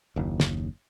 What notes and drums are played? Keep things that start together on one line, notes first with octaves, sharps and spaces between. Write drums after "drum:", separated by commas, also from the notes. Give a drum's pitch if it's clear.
F#1 D#2
drum: snare